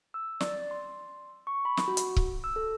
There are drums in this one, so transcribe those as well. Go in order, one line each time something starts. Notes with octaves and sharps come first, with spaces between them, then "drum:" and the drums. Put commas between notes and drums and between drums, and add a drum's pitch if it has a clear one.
E6
D5, drum: snare
C6
C#6
B5
drum: snare
F#4
drum: hi-hat
drum: kick C#1
E6
A4